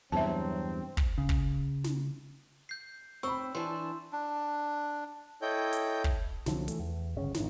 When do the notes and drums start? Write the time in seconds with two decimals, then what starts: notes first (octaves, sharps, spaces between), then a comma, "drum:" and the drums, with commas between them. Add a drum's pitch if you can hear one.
0.12 E2 G2 C3 F#3 C4 E5 A5
0.97 drum: kick
1.18 C#3
1.29 drum: kick
1.84 drum: snare
2.69 G6 C7
3.23 C4 B5 C#6 E6
3.55 E3 D4 A5 C6
4.13 D4
5.42 E4 A4 C#5 D#5 G5 G6
5.73 drum: hi-hat
6.04 drum: kick
6.46 C2 D3 F3 F#3, drum: snare
6.68 E3 A3, drum: hi-hat
6.80 E2
7.17 D1 G1 C#3 C#4
7.34 A1 D#3, drum: snare